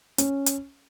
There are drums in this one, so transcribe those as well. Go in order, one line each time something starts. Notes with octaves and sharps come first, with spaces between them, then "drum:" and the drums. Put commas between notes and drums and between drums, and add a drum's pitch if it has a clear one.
C#4, drum: hi-hat
drum: hi-hat